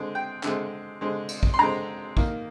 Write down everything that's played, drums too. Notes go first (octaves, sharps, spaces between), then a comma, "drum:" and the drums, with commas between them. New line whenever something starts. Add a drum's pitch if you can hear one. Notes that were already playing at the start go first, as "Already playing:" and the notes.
Already playing: D3 G#3 C4
G5
D3 G#3 C4, drum: clap
D3 G#3 C4
drum: cymbal
drum: kick
C6
D3 G#3 C4 A#5
D#3 A#3, drum: kick